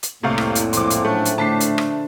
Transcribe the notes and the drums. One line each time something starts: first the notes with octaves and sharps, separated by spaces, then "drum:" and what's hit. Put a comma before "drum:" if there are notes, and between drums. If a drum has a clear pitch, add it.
drum: hi-hat
C2 F2 A2 C3 A3 A#3 F5
drum: rim click
drum: hi-hat
A#2 F3 G#3 C6 D6, drum: hi-hat
drum: hi-hat
F#3 A3 C#4 D4
drum: hi-hat
D3 A3 A5 B6 C7
drum: hi-hat
drum: rim click